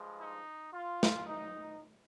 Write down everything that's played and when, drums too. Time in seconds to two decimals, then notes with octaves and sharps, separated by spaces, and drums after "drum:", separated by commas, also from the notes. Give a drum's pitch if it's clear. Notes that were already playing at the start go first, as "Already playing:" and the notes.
Already playing: G2 F3 G#3
0.20 D#4
0.72 F4
1.03 drum: snare
1.25 D#4